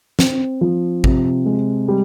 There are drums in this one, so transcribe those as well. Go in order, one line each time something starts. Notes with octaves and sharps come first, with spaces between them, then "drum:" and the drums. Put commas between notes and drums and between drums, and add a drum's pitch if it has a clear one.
C4, drum: snare
F3
C3, drum: kick A1
G#3
G3